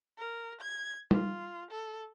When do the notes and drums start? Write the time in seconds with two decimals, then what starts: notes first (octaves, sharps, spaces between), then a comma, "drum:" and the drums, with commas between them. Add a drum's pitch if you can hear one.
0.18 A#4
0.61 G#6
1.11 F4, drum: tom
1.71 A4